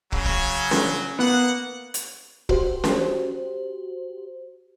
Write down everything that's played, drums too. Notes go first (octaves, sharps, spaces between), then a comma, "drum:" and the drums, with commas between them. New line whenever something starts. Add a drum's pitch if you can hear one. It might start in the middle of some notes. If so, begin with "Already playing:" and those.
C#3 F#3, drum: kick
drum: kick
drum: snare C#4
A#3 B3 F#5
drum: hi-hat
F#4 G4 C5, drum: kick
drum: snare C#4